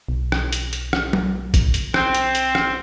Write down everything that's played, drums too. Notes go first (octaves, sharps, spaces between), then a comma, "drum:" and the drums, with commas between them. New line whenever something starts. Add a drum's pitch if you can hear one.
B1
drum: rim click
drum: hi-hat
drum: hi-hat
drum: rim click
drum: tom F#3
drum: kick, hi-hat
drum: hi-hat
C4, drum: rim click
drum: hi-hat
drum: hi-hat
drum: rim click